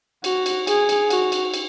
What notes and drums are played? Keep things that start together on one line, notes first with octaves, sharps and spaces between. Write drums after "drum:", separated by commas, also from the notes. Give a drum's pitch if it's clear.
F#4, drum: cymbal
drum: cymbal
G#4, drum: cymbal
drum: cymbal
F#4, drum: cymbal
drum: cymbal
drum: cymbal